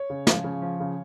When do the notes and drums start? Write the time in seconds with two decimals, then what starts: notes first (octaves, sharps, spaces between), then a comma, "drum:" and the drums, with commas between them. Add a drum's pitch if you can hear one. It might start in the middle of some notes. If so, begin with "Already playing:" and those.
Already playing: C#5
0.10 C#3
0.27 F3, drum: snare
0.44 C#3
0.62 F3
0.80 C#3